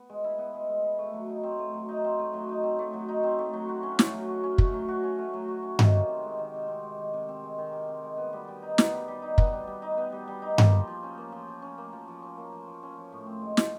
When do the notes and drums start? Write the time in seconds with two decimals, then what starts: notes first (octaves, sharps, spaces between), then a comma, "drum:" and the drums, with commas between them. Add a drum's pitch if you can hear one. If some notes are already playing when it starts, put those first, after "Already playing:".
Already playing: B3
0.09 G#3
0.24 E4
0.38 B3
0.54 G#3
0.69 G#3
0.84 E4
0.99 A3
1.13 F#3
1.29 D#4
1.43 C4
1.59 A3
1.73 F#3
1.88 D#4
2.04 C4
2.19 A3
2.34 F#3
2.49 D#4
2.64 C4
2.79 A3
2.93 F#3
3.08 D#4
3.23 C4
3.39 A3
3.53 F#3
3.69 F#4
3.83 C#4
3.99 A3, drum: snare
4.13 F#3
4.29 F#4
4.43 C#4
4.58 A3, drum: kick
4.74 F#3
4.88 F#4
5.03 C#4
5.18 A3
5.34 F#3
5.48 F#4
5.63 C#4
5.79 D#3, drum: tom G2
5.94 C3
6.08 C4
6.23 G#3
6.39 D#3
6.53 C3
6.68 C4
6.83 G#3
6.98 D#3
7.13 C3
7.29 C4
7.44 G#3
7.58 D#3
7.72 C3
7.89 C4
8.03 G#3
8.17 B3
8.33 G3
8.48 G3
8.62 D#4
8.78 B3, drum: snare
8.93 G3
9.08 G3
9.22 D#4
9.38 B3, drum: kick
9.53 G3
9.67 G3
9.82 D#4
9.97 B3
10.12 G3
10.28 G3
10.42 D#4
10.58 A#3, drum: tom G2
10.72 F3
10.87 F3
11.03 C#4
11.18 A#3
11.32 F3
11.48 F3
11.62 C#4
11.78 A#3
11.93 F3
12.08 F3
12.22 C#4
12.38 A#3
12.52 F3
12.67 F3
12.83 C#4
12.97 F3
13.12 A2
13.27 C4
13.42 G#3
13.57 F3, drum: snare